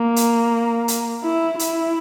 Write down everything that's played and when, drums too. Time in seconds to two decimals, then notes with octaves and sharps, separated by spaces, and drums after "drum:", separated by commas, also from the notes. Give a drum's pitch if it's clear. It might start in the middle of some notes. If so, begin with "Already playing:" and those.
Already playing: A#3
0.16 drum: hi-hat
0.88 drum: hi-hat
1.24 E4
1.59 E4, drum: hi-hat